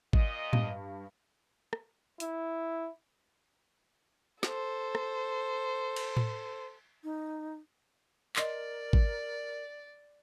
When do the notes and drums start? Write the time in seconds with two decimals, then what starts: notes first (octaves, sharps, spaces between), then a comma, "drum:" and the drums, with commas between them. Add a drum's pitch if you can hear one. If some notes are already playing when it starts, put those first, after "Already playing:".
0.13 A#2 D#5, drum: kick
0.53 G2, drum: tom A2
1.73 drum: rim click
2.20 E4, drum: hi-hat
4.43 A4 C5, drum: snare
4.95 drum: rim click
5.96 drum: cymbal
6.17 drum: tom A2
7.04 D#4
8.36 A#4 D5 D#5 C6, drum: clap
8.93 drum: kick